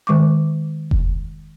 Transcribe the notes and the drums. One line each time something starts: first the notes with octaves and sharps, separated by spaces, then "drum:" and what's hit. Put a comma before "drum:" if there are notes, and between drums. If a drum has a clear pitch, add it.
D#3 G#3 C#6 D6
drum: kick F1